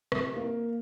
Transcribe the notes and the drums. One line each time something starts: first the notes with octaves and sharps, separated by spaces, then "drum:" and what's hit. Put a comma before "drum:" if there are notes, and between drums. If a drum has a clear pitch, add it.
C3, drum: rim click
A#3